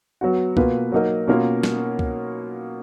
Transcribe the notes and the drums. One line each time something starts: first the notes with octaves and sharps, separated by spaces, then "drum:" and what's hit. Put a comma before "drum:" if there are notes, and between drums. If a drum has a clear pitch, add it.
F#3 B3 F#4
B2 A#3 F4 B4, drum: kick C2
F#3 A#3 D#4 A#4
B2 A#3 C#4 F4 A#4
drum: snare
drum: kick C2